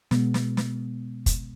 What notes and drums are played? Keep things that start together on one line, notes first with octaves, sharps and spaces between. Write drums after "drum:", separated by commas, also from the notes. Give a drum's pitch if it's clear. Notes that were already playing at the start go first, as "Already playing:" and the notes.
B2 G#3 B3, drum: snare
drum: snare
drum: snare
drum: kick, hi-hat